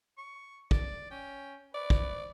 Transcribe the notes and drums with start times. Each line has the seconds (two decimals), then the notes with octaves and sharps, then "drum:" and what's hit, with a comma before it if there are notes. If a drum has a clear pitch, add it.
0.18 C#6
0.71 D5, drum: kick
1.11 C#4 G5
1.74 B4 D5
1.90 drum: kick